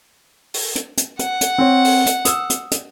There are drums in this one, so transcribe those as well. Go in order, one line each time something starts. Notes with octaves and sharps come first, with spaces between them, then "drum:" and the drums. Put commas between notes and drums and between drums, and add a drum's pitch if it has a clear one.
drum: open hi-hat
drum: hi-hat
drum: hi-hat
F#5, drum: hi-hat
drum: hi-hat
C4 C#5
drum: open hi-hat
drum: hi-hat
D#6 E6, drum: hi-hat
drum: hi-hat
drum: hi-hat